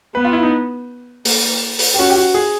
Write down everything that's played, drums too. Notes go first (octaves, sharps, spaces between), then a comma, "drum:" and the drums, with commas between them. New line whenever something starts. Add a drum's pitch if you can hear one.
B3 B4
F4
E4
D#4
A#3, drum: open hi-hat
drum: open hi-hat
G4
C#4 F#4
G4
F#4
G#4